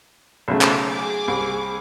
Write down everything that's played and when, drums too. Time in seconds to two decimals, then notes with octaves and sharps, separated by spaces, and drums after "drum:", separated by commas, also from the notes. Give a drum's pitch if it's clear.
0.48 B1 C#3 A3
0.61 drum: clap
0.87 G#4 D6
1.28 C2